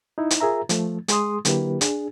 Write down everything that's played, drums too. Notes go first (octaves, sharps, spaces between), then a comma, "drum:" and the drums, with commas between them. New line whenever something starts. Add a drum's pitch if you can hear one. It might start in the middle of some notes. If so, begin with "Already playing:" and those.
D#4 E4
drum: hi-hat
F4 G#4 A#4 E5 A#5
F3 A3, drum: hi-hat
G#3 G#4 C6 D#6, drum: hi-hat
D3 F#3 A#3 E4 G4 B4, drum: hi-hat
D4 G#4, drum: hi-hat